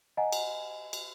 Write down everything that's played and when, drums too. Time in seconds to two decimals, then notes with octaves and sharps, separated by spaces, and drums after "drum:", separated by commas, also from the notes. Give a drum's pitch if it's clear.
0.17 D#5 F#5 G#5 A#5
0.32 drum: cymbal
0.93 drum: cymbal